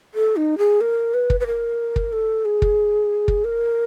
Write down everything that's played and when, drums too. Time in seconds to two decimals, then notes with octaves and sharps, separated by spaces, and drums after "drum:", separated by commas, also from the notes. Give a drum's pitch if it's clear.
0.14 A4
0.36 D#4
0.58 G#4
0.81 A#4
1.14 B4
1.30 drum: kick
1.40 B4
1.47 A#4
1.96 drum: kick
2.12 A4
2.45 G#4
2.62 drum: kick
3.28 drum: kick
3.44 A#4